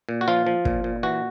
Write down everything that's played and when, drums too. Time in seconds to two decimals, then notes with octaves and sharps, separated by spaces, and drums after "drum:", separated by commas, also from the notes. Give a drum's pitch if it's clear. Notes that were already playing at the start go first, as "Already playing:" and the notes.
0.09 A#2
0.21 F#4
0.28 F3 F4
0.47 F3
0.65 A#2, drum: kick
0.84 A#2
1.03 E3 F#4